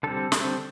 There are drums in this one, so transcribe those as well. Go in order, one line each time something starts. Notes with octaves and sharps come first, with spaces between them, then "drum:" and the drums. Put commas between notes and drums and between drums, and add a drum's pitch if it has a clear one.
D3 G3 C4 A4
D3 G3 C4, drum: snare